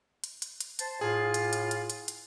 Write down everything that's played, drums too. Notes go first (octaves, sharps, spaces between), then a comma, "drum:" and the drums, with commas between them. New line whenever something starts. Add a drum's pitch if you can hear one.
drum: hi-hat
drum: hi-hat
drum: hi-hat
C5 A5, drum: hi-hat
A2 F4 G#4
drum: hi-hat
drum: hi-hat
drum: hi-hat
drum: hi-hat
drum: hi-hat